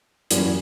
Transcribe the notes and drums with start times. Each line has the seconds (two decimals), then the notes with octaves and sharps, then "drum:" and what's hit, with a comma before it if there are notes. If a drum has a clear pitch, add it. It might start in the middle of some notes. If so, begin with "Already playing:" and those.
0.31 F#2 E3 G3 C#4, drum: hi-hat